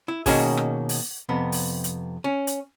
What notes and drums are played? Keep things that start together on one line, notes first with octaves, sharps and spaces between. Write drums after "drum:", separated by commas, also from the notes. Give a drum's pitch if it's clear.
E4
B2 D#3 A#3 C#4 F#4 G#4, drum: kick, open hi-hat
drum: rim click
drum: open hi-hat
F2 C3 B3
drum: open hi-hat
drum: hi-hat
C#4
drum: hi-hat